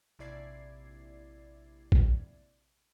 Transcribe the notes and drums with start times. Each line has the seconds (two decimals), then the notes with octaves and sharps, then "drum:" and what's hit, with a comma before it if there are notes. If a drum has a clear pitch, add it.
0.19 A#1 C3 E4 D5 G#6 C7
1.92 drum: kick A#1